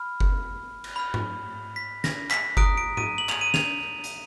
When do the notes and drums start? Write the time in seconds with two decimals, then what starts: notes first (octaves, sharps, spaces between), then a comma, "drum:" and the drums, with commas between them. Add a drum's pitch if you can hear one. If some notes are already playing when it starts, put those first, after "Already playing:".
Already playing: B5 F6
0.20 drum: kick F#1
0.84 drum: cymbal
0.96 B5 F6
1.14 drum: tom G#2
1.76 B6
2.04 A#6, drum: snare
2.31 B6, drum: clap
2.57 A#5 D#6 F#6 D7, drum: kick F#1
2.78 D7
2.97 D#7, drum: tom G#2
3.18 F#7
3.29 F7, drum: clap
3.41 D#7
3.54 F7, drum: snare
4.04 drum: hi-hat